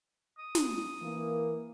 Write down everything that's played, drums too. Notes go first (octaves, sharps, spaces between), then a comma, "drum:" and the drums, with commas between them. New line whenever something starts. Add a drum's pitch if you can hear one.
D#6
drum: snare
E3 A#3